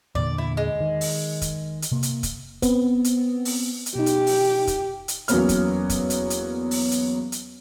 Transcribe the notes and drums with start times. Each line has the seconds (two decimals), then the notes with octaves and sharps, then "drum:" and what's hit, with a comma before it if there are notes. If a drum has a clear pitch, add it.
0.15 E2 A#2 D3 D5
0.38 E4
0.57 G#3
0.80 D#3
1.01 drum: open hi-hat
1.42 drum: kick, hi-hat
1.82 drum: hi-hat
1.92 C3 A#3
2.03 drum: hi-hat
2.23 drum: kick, hi-hat
2.62 B3 C4, drum: kick, hi-hat
3.04 drum: hi-hat
3.45 drum: open hi-hat
3.86 drum: hi-hat
3.96 B2 D#4 G4
4.06 drum: hi-hat
4.27 drum: open hi-hat
4.67 drum: kick, hi-hat
5.08 drum: hi-hat
5.28 E2 F#3 A#3 B3 C#4 F6, drum: hi-hat
5.49 drum: kick, hi-hat
5.90 drum: kick, hi-hat
6.10 drum: hi-hat
6.30 drum: hi-hat
6.71 drum: open hi-hat
6.91 drum: hi-hat
7.32 drum: hi-hat